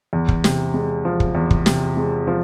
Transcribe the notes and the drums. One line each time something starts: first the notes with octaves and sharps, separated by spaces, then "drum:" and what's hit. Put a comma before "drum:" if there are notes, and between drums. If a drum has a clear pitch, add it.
E2
drum: kick
C3, drum: snare
G#3
F3
drum: kick
E2
drum: kick
C3, drum: snare
G#3
F3